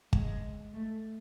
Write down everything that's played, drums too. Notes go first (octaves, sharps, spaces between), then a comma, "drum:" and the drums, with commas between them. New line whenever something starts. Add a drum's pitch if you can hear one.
G#3, drum: kick
A3